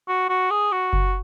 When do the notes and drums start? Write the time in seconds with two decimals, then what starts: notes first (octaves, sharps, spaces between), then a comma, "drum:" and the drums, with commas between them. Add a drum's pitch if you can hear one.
0.09 F#4
0.29 F#4
0.51 G#4
0.72 F#4
0.93 drum: kick F#1